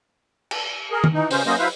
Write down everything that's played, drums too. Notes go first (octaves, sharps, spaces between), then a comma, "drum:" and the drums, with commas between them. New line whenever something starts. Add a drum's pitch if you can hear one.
drum: cymbal
G#4 A#4
drum: tom
E3 D#4
C#3 C#4 C5, drum: open hi-hat
F#3 A#3 C#4 C5 D#5
F#3 E4 B4 C5 E5 F5